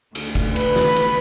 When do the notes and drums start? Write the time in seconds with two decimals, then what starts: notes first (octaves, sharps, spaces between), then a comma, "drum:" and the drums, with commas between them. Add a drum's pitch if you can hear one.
0.15 D2 D3, drum: cymbal
0.35 drum: kick F#1, cymbal
0.56 B4, drum: cymbal
0.76 drum: snare
0.96 drum: cymbal